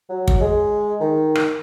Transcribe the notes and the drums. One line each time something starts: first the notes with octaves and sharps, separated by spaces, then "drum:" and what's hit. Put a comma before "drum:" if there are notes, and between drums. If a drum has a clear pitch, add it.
F#3
drum: kick
G#3
D#3
drum: rim click